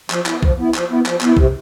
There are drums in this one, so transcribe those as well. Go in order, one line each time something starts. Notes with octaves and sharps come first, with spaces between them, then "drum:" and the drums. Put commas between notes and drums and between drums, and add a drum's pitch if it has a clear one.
F3, drum: clap
B3 E4, drum: clap
F3, drum: kick
B3 E4
F3, drum: clap
B3 E4
F3, drum: clap
B3 E4, drum: clap
C3, drum: kick